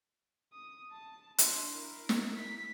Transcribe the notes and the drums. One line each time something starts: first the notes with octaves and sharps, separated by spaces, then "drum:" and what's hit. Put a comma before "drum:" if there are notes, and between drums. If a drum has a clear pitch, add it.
D#6
A5
D4 C6, drum: hi-hat
E4 A#4
drum: snare
B6